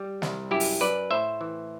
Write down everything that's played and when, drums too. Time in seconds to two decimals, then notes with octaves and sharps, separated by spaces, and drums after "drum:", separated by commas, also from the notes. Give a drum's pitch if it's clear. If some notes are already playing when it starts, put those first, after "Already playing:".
Already playing: G3
0.22 C2, drum: snare
0.51 F#2 E4 G4
0.60 drum: open hi-hat
0.81 F#2 B4 D5
1.11 A2 C5 E5
1.41 E3